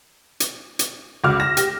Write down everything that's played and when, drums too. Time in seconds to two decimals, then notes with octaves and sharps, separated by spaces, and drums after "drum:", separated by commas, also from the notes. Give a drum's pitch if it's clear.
0.40 drum: hi-hat
0.79 drum: hi-hat
1.24 C#2 F#4 D6 F6
1.40 A#6 E7
1.57 G4, drum: hi-hat